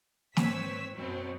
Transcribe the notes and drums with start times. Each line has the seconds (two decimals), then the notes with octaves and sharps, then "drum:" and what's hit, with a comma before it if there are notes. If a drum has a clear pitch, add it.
0.37 G#1 C4 B4 C#5 E6 B6, drum: snare
0.95 F#2 B2 F#3 C4